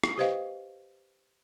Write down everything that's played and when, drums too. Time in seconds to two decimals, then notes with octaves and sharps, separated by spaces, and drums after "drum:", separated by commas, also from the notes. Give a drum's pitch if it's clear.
0.04 drum: rim click
0.18 G4 B4 C5 D#5 F5 G5